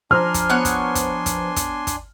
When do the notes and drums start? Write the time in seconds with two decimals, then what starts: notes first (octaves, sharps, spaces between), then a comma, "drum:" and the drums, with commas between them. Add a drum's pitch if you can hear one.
0.11 F3 D4 C5 G#5 A#5 C6 F6
0.34 drum: kick, hi-hat
0.50 B3 C#5 F#6
0.65 drum: kick, hi-hat
0.95 drum: kick, hi-hat
1.26 drum: kick, hi-hat
1.56 drum: kick, hi-hat
1.87 drum: kick, hi-hat